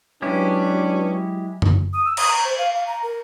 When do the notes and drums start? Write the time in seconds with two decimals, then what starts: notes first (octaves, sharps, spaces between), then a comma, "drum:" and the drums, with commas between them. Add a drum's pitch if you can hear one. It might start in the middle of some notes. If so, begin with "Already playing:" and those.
0.22 F#3 G#3 C#4 D4 E4 G4 B4
1.62 drum: tom F#2
1.93 D#6
2.05 E6
2.17 D#6, drum: cymbal
2.28 A#5
2.44 C5
2.58 F5
2.75 F5
2.87 A#5
3.03 A#4